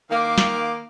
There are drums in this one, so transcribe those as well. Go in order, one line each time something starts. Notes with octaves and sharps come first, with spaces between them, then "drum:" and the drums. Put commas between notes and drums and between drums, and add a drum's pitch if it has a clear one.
D#3 A#3 F5 D6
drum: snare